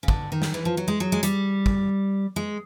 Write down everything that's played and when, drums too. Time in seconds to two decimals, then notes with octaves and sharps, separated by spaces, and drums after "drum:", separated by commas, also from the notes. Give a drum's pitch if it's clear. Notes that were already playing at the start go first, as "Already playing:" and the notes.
0.03 C#3
0.08 D3, drum: kick
0.32 D#3
0.42 drum: snare
0.54 E3
0.65 F3
0.77 F#3
0.88 G#3
1.00 F#3
1.12 G#3
1.23 G3, drum: hi-hat
1.66 drum: kick
2.36 G#3